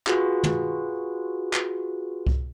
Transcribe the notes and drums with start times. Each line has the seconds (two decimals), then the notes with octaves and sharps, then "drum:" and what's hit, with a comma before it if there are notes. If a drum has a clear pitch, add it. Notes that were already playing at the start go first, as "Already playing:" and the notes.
0.07 F4 F#4 G#4 B4, drum: clap
0.44 drum: tom
1.53 drum: clap
2.27 drum: kick C2